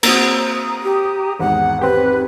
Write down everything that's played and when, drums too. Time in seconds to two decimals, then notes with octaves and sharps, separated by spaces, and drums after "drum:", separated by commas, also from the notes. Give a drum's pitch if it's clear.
0.03 A#3 C4 F#4 C5 A#5 D#6, drum: cymbal
0.83 G4
1.39 G#1 E2 F#5
1.81 C4 G4 B4